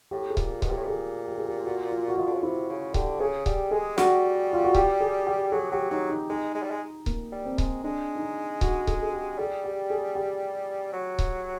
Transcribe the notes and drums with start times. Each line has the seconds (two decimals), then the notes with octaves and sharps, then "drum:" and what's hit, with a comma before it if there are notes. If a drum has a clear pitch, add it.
0.11 A2 G4
0.30 G#4
0.37 A#2, drum: kick C#1
0.50 G4
0.62 B2, drum: kick C#1
0.69 A#2 G4
0.77 A2
0.84 A#2 G#4
1.27 G4
1.38 G#4
1.48 G4
1.65 F#4
1.91 F4
2.08 F#4
2.17 D#3 F4
2.26 D3
2.34 C#3
2.43 C3 E4
2.69 C#3
2.94 D3 G4, drum: kick C#1
3.20 C#3 G#4
3.46 G3 G4, drum: kick C#1
3.71 G#3 G#4
3.98 G3 F#4, drum: snare
4.53 F4
4.64 F#4
4.75 G4, drum: kick C#1
5.01 G#4
5.27 G4
5.52 F#3 G#4
5.71 F#3 G4
5.90 F#3 D#4
6.10 D#4
6.29 G#3 D#4
6.55 G#3
6.63 G3
6.70 G#3
7.06 A#3, drum: kick C#1
7.32 G3
7.45 C4
7.58 G#3, drum: kick C#1
7.84 G#3 D4
8.16 D#4
8.23 D4
8.61 F#4, drum: kick C#1
8.87 G#4, drum: kick C#1
9.03 G#4
9.13 G4
9.38 G3 G#4
9.64 G4
9.90 G#4
10.15 G4
10.93 F#3
11.19 drum: kick C#1